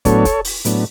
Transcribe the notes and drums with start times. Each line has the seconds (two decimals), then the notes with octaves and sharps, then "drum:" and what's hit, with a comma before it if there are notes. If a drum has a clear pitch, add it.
0.05 A2 F#3 B3 D4 A4 C#5, drum: kick, hi-hat
0.25 drum: kick, hi-hat
0.45 drum: open hi-hat
0.65 A2 F#3 B3 D4, drum: hi-hat